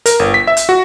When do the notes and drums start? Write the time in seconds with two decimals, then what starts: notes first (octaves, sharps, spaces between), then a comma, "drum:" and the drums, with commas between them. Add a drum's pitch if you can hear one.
0.06 A#4, drum: hi-hat
0.19 G1
0.34 B6
0.47 E5
0.57 drum: hi-hat
0.69 F#4